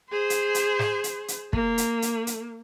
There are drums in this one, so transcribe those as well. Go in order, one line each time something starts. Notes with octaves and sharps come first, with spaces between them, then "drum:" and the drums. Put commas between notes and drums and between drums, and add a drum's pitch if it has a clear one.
G#4 C5
drum: hi-hat
drum: hi-hat
drum: snare
drum: hi-hat
drum: hi-hat
A#3, drum: kick
drum: hi-hat
drum: hi-hat
drum: hi-hat